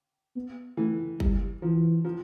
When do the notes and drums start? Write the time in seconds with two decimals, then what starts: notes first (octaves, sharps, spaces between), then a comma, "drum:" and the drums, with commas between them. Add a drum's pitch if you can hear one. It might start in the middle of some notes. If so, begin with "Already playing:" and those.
0.36 B3
0.77 E3 A3
1.20 G3, drum: kick
1.62 E3 F3
2.05 F3